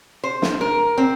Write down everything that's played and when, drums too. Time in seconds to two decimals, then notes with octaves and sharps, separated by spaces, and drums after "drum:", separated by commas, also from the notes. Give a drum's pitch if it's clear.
0.24 C5
0.42 drum: snare
0.61 A#4
0.98 C4